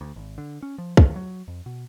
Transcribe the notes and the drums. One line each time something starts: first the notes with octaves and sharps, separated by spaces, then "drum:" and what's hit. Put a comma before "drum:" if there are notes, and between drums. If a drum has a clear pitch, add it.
D2
G#1
D3
C#4
F3
D#3, drum: kick
F#3
F2
B2